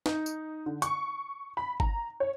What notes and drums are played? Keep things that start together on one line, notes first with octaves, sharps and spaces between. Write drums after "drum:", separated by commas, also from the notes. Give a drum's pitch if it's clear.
D#4, drum: snare
drum: tambourine
D3
C#6, drum: hi-hat
B5
A#5, drum: kick G1
C#5